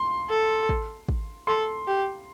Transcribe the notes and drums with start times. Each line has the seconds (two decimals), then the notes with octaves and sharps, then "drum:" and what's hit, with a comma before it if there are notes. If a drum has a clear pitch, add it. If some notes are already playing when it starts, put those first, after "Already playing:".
Already playing: C6
0.30 A4
0.69 drum: kick
1.09 drum: kick
1.47 A4 C6
1.88 G4